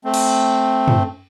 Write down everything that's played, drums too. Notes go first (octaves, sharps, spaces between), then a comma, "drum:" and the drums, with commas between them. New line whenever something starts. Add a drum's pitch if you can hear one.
A3 C4
drum: cymbal
drum: tom